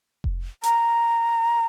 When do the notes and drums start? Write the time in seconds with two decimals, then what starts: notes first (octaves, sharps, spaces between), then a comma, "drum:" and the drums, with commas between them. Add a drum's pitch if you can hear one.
0.24 drum: kick F1
0.63 A#5, drum: hi-hat